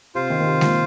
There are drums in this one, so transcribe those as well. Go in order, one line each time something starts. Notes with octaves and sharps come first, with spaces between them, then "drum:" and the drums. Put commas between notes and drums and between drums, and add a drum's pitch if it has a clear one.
C3 F4 C5 F5
D#3
D#3
C3
A#2, drum: snare G#3